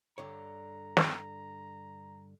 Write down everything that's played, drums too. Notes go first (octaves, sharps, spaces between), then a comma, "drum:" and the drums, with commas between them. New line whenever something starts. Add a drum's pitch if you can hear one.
G2 D3 C#5 A#5
drum: snare